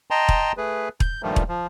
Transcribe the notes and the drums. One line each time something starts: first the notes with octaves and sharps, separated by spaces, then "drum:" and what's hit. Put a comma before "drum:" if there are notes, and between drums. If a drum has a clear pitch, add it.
D#5 G5 A5 A#5 C6
drum: kick E1
A3 G#4 B4
G6, drum: kick E1
G2 A#2 D#3 F3 G3 A3
drum: kick E1
F3